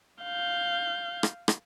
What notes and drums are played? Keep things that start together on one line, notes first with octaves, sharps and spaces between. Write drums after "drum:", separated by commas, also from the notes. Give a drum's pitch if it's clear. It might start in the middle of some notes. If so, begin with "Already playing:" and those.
F5 G6
drum: rim click
drum: rim click